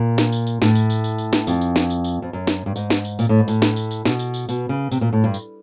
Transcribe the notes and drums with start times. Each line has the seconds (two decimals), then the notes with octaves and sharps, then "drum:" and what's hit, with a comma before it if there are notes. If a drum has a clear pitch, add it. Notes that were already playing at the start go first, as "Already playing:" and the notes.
Already playing: A#2
0.18 drum: snare
0.32 drum: tambourine
0.47 drum: tambourine
0.62 A2, drum: snare
0.75 drum: tambourine
0.90 drum: tambourine
1.04 drum: tambourine
1.18 drum: tambourine
1.33 drum: snare
1.47 F2, drum: tambourine
1.61 drum: tambourine
1.76 drum: snare
1.90 drum: tambourine
2.04 drum: tambourine
2.22 F2
2.33 F#2
2.47 drum: snare
2.66 G2
2.76 G#2, drum: tambourine
2.90 drum: snare
3.05 drum: tambourine
3.19 A#2, drum: tambourine
3.29 A2
3.38 G#2
3.48 A2, drum: tambourine
3.62 drum: snare
3.76 drum: tambourine
3.91 drum: tambourine
4.05 B2, drum: snare
4.19 drum: tambourine
4.34 drum: tambourine
4.49 B2, drum: tambourine
4.69 C#3
4.91 C3, drum: tambourine
5.01 A#2
5.13 A2
5.24 G2
5.34 drum: tambourine